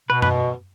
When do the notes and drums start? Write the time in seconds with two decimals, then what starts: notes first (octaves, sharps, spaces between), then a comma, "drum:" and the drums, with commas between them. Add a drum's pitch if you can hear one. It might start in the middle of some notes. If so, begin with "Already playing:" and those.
0.09 B2 B4
0.22 B4, drum: tom F#2